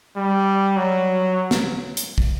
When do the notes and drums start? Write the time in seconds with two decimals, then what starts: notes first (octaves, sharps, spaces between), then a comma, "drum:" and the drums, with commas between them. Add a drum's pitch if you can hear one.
0.17 G3
0.77 F#3
1.51 drum: snare
1.97 drum: hi-hat
2.18 drum: kick